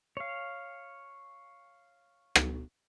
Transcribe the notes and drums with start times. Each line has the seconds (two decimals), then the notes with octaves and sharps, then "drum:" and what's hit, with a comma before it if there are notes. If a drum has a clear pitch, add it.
0.17 C#5 F5
2.35 drum: rim click